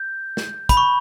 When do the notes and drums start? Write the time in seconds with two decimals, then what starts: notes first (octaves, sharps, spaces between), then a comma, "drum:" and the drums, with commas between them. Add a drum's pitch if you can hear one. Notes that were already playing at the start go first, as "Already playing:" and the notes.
Already playing: G6
0.37 drum: snare
0.69 B5, drum: kick, hi-hat
0.77 C#6